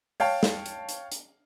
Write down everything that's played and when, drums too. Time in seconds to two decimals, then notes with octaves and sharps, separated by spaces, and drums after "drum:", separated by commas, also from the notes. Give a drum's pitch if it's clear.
0.20 C#5 F5 G5 A5, drum: open hi-hat
0.43 drum: snare
0.66 drum: hi-hat
0.89 drum: hi-hat
1.12 drum: hi-hat